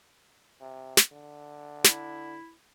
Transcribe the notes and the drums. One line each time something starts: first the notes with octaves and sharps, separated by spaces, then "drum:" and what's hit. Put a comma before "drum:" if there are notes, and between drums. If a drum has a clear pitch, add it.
C3
drum: snare
D3
E4, drum: snare